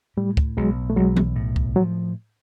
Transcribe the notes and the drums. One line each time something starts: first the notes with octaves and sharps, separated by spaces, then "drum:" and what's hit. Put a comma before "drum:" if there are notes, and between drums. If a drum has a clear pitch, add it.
A2 G3
drum: kick C#2
B1 F#3 G#3
A3
B1 F#3 G#3
drum: tom
A2
drum: kick C#2
F3 F#3